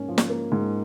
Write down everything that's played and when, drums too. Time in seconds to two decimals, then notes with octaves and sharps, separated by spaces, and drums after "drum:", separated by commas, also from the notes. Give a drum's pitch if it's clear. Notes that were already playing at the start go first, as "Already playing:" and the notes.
Already playing: G#2 A#3 C#4
0.08 F3
0.18 drum: snare
0.30 A#3
0.52 G#2